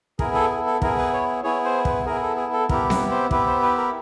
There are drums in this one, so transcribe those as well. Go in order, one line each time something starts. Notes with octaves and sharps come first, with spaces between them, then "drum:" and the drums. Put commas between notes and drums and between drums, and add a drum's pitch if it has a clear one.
B3 E4 G#4 A#4, drum: kick
A4
G#4
A4
B3 E4 G#4 A#4, drum: kick
B4
C#5
B3 E4 G#4 C#5
C5
B4, drum: kick
B3 E4 G#4 A#4
A4
G#4
A4
B3 E4 G4 A#4, drum: kick
B4, drum: snare C4
C5
B3 E4 G4 B4, drum: kick
C5
B4
A#4